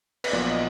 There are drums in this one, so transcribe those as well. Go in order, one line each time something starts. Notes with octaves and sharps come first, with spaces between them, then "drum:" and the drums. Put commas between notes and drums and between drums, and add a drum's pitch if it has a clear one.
B4, drum: cymbal
A#1 A#2 F#3 B3 D5
D#5